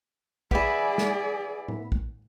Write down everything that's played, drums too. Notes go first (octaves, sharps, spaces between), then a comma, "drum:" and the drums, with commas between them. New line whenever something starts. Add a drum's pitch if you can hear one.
B3 E4 G#4 D5, drum: kick
drum: snare
drum: tom A2
drum: kick